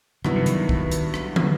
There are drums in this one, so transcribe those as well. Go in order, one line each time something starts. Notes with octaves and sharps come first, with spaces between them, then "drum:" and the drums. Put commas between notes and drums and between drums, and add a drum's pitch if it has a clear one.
G2 D#3 F#3 B3 E4, drum: rim click
C3
D#3, drum: hi-hat
drum: kick
drum: hi-hat
drum: rim click
drum: tom